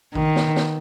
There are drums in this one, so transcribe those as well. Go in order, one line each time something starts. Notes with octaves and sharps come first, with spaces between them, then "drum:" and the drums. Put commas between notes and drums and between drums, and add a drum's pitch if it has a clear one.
D#3, drum: kick A1
drum: snare
drum: snare